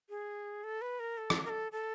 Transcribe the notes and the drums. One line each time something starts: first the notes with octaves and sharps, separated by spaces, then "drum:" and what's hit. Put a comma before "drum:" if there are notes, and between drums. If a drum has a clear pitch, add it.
G#4
A4
B4
A#4
A4
drum: rim click
A#4
A4
A4